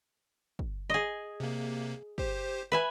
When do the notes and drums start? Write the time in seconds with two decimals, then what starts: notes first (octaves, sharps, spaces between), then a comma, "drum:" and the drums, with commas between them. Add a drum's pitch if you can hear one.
0.59 drum: kick
0.90 G#4 D#5
1.40 C3 A#3
2.18 G4 C5, drum: kick
2.72 B4 E5 G#5